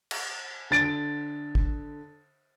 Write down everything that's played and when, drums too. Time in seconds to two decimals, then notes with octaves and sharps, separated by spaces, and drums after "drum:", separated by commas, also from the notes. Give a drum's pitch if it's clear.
0.11 drum: cymbal
0.71 D3 A6 D7
1.55 drum: kick